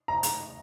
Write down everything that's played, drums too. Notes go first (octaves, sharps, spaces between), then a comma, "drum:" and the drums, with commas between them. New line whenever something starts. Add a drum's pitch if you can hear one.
A#5
drum: hi-hat